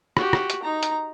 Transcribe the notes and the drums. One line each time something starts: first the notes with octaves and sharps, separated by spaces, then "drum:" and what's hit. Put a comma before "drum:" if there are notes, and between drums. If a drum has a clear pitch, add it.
F#4 G4, drum: rim click
drum: rim click
drum: hi-hat
D#4 A#5
drum: hi-hat